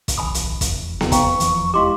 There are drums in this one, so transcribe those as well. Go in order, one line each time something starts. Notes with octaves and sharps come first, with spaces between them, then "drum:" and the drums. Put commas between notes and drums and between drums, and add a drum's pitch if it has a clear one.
drum: kick, hi-hat
D1 B1 E3 G#5 B5 D#6
drum: hi-hat
F1 E2, drum: kick, hi-hat
drum: snare B3
F5 G5 A#5 C#6, drum: kick, hi-hat
E3 F3, drum: hi-hat
G#3 E4 G4 D#5 F5 C6 D6